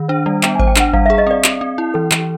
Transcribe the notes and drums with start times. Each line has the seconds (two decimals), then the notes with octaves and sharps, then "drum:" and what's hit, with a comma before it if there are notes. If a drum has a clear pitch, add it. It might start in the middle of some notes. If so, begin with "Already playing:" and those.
Already playing: D#3
0.08 D4 C5
0.26 G3 D5
0.43 B3 G5, drum: clap
0.55 G#5
0.60 C5, drum: kick G#1
0.67 G5
0.76 D4 F#5, drum: clap
0.93 G3 F5, drum: kick G#1
1.06 E5
1.10 G#4
1.18 D#5
1.27 C4 D5
1.44 C4, drum: clap
1.61 C4
1.78 E4
1.94 E3 A4
2.11 E3, drum: clap
2.20 G4